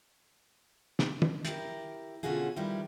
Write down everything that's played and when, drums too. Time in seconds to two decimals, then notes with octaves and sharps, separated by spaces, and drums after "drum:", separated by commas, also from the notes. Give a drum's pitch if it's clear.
0.99 drum: snare
1.22 drum: tom
1.45 E4 G4 A#4, drum: hi-hat
2.23 B2 D3 C#4 F4 F#4 G#4
2.56 D#3 F3 G3 E4 B4